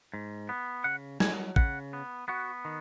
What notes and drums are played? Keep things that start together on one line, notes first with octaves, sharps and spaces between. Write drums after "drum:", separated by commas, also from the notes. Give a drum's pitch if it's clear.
G#2
B3
C#3 F#5
F#3 G#5, drum: snare
C#3 F#5, drum: kick
B3
B3 F#4
D#3